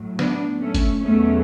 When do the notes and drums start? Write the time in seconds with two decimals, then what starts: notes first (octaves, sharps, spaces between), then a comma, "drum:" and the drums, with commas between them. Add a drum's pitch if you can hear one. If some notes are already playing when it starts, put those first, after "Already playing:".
Already playing: A2 F#3
0.19 B3 D4, drum: snare
0.61 A3 C#4
0.75 drum: kick F#1, hi-hat
1.02 E2 B2 F#3 A3 C#4